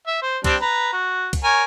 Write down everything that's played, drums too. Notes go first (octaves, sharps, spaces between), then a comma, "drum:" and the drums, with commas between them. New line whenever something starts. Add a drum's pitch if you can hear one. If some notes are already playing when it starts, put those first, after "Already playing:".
E5
C5
G3 C4 D4, drum: kick, cymbal
B4 A#5
F#4
drum: kick, cymbal
A#4 C#5 G#5